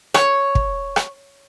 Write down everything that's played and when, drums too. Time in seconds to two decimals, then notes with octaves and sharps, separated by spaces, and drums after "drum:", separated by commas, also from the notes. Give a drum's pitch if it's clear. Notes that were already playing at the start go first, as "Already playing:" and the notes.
0.14 C#5, drum: rim click
0.55 drum: kick
0.96 drum: rim click